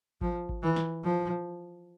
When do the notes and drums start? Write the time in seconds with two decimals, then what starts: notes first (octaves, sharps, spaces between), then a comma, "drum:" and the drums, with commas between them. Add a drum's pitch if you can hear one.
0.21 F3, drum: kick G#1
0.49 drum: kick G#1
0.63 E3
0.76 drum: snare
1.04 F3